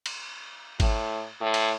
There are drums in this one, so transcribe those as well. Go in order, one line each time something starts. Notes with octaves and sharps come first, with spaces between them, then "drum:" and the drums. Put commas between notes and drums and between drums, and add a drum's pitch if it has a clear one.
drum: cymbal
A2, drum: kick G1, cymbal
A2
drum: cymbal